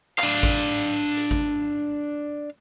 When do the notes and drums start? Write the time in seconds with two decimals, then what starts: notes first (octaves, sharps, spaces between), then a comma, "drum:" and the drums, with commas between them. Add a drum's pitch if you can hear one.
0.19 D4 F5, drum: clap
0.43 drum: kick G#1
1.16 drum: hi-hat
1.31 drum: kick G#1